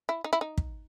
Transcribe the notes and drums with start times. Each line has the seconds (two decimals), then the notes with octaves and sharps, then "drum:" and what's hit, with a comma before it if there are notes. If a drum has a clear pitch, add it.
0.09 E4
0.24 D#4
0.33 E4
0.41 D#4
0.58 drum: kick